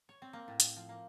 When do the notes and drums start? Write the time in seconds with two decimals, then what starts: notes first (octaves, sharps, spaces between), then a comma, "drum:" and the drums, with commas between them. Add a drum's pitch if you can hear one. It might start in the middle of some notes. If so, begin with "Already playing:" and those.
0.09 C#5
0.22 C4
0.33 A#3
0.48 A2
0.60 C5, drum: hi-hat
0.76 F3
0.89 A#3